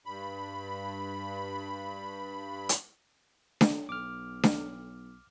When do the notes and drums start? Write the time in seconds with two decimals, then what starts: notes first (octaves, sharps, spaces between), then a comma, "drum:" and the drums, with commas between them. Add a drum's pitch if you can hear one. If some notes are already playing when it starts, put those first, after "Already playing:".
0.06 G2 B5
2.69 drum: hi-hat
3.61 drum: snare D4
3.89 B1 D6 F6
4.43 drum: snare D4